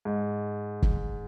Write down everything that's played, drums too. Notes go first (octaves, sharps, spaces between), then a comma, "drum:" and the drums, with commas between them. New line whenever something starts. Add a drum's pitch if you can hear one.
G#2
drum: kick